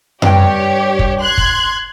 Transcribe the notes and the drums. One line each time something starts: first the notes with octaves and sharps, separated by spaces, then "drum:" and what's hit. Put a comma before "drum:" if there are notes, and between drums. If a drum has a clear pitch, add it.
G2 G4 C#5 G5, drum: tom F#2
drum: kick
C6 F#6 G#6
drum: kick